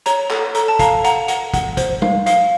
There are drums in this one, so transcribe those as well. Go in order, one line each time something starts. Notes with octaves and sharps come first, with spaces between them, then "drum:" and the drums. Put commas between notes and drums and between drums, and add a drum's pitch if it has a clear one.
C#5 A#5, drum: hi-hat
A4, drum: clap
A4 A#5, drum: hi-hat
A5
F5 A#5, drum: kick, hi-hat
F#5 A#5, drum: hi-hat
F#5, drum: hi-hat
F#5, drum: kick, hi-hat
C5, drum: kick, hi-hat
F5, drum: tom G3
F5, drum: hi-hat